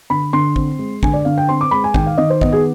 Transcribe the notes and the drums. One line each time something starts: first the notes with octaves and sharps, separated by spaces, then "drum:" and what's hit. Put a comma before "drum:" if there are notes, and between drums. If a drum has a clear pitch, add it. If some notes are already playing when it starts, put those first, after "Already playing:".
D3 B5
D3 C6
C4, drum: kick
G#3
D3 G#5, drum: kick
D5
D3 F5
G5
C4 C6
D6
G#3 B5
G#5
D#3 G5, drum: kick
F5
D#3 D#5
C5
B3 D#5, drum: kick
G#4